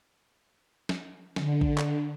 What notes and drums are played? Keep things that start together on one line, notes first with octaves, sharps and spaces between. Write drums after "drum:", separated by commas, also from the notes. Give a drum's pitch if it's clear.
drum: snare
D3, drum: snare
drum: kick A1
drum: clap